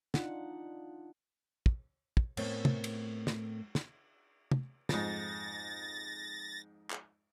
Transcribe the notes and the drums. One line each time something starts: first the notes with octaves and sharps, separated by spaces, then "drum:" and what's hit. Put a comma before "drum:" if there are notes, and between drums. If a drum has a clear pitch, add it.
D4 D#4 F4 F#5, drum: snare
drum: kick
drum: kick
A2 A3 B3 C4 A#4 C#5, drum: cymbal
drum: tom
drum: cymbal
drum: snare
drum: snare
drum: tom
F2 G#2 A6 A#6, drum: snare
drum: clap